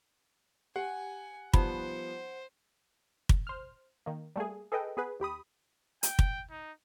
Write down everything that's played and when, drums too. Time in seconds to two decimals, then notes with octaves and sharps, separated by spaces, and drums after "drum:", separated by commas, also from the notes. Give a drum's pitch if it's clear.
0.76 G4 F#5 G#5
1.53 F3 G3 B3 D#4 C5 B5, drum: kick
3.29 drum: kick
3.47 C5 F6
4.06 D#3 A#3
4.36 G3 A3 A#3 G#4
4.72 G#4 A4 B4 D#5 G5
4.97 B3 G#4 B4
5.20 D#2 G4 B5 D#6
6.03 G5, drum: hi-hat
6.19 drum: kick
6.51 D#4